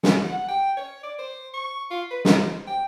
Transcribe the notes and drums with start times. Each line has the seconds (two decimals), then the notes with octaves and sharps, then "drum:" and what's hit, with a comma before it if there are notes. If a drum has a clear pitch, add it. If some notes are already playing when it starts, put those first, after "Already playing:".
0.03 C#4, drum: snare
0.24 F#5
0.48 G5
0.77 C#5
1.03 D5
1.19 C5
1.54 C#6
1.91 F4
2.11 B4
2.25 D#4, drum: snare
2.39 C5
2.67 G5